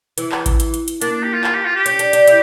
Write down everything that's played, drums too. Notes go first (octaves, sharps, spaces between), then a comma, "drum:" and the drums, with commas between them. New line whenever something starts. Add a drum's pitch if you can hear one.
E3, drum: hi-hat
drum: clap
drum: kick A1, hi-hat
drum: hi-hat
drum: hi-hat
drum: hi-hat
A#3 D4, drum: hi-hat
D4
G4
F4
F4, drum: clap
G4
F4
G4
C#4, drum: hi-hat
D4, drum: hi-hat
D4, drum: hi-hat
E4, drum: hi-hat